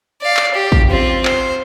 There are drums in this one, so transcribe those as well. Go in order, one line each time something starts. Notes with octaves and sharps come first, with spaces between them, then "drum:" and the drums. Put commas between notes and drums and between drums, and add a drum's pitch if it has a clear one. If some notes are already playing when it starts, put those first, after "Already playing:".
D5 F5
drum: clap
G4
drum: kick
C4 F4
C5, drum: clap